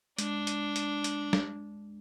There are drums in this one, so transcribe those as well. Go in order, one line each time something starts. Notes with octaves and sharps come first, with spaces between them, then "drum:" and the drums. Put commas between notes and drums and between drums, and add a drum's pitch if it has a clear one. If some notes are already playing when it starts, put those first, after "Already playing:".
G#3 D4, drum: hi-hat
drum: hi-hat
drum: hi-hat
drum: hi-hat
drum: snare